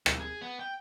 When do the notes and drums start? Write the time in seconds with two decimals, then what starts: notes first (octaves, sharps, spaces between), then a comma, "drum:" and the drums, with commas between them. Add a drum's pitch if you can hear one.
0.06 B1, drum: rim click
0.20 G#4
0.41 B3
0.59 G5